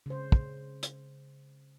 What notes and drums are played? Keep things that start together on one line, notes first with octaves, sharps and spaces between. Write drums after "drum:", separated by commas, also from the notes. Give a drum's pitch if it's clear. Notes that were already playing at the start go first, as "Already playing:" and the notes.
C#3 C5
drum: kick
drum: hi-hat